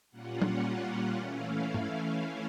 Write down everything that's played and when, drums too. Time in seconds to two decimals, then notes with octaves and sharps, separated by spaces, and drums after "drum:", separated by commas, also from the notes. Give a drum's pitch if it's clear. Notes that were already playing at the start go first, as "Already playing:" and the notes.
0.11 A#2 G3 A#3 C#4 F4 F#5
0.42 drum: tom
1.13 E3 A3 C#4 E4 F5
1.74 drum: tom